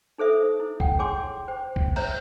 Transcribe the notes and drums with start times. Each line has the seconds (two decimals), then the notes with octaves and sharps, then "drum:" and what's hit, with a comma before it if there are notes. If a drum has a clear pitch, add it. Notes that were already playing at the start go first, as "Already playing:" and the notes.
0.18 D#4 A4 C5 E5 D#6
0.60 E4
0.80 F#5 G5, drum: kick B1
0.99 G#4 C#5 G#5 C6 D6
1.48 C5 G5
1.76 drum: kick B1
1.96 C5 C#5 E5 A#5, drum: cymbal